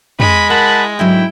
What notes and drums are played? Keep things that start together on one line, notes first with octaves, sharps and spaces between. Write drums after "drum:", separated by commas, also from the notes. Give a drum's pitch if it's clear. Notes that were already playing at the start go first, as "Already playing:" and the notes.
G#3 B5, drum: tom
E4 A#4 F#5 A5 B5
G#2 D3 F#3 E4 G5